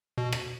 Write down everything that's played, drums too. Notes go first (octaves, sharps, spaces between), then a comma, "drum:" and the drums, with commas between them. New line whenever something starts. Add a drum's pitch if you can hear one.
B2
drum: rim click